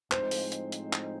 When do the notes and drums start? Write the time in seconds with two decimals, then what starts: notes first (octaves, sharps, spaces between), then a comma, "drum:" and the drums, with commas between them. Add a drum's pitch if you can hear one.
0.11 A2 F3 G#3 C4 D#4 C5, drum: clap
0.31 drum: open hi-hat
0.52 drum: hi-hat
0.72 drum: hi-hat
0.93 drum: clap